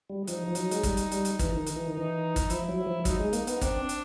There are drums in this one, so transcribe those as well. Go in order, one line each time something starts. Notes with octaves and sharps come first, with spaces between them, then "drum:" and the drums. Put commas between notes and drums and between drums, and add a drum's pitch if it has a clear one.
G3
F3 D#4, drum: hi-hat
F3
F#3, drum: hi-hat
G#3, drum: hi-hat
G3, drum: kick, hi-hat
drum: hi-hat
G3, drum: hi-hat
drum: hi-hat
E3, drum: kick, hi-hat
D#3
drum: hi-hat
E3
D#3
E3 D#4
drum: kick, hi-hat
F3 E4, drum: hi-hat
F#3
F3
F#3 D#4, drum: kick, hi-hat
G#3
A#3, drum: hi-hat
B3, drum: hi-hat
C4 D4, drum: kick, hi-hat
drum: hi-hat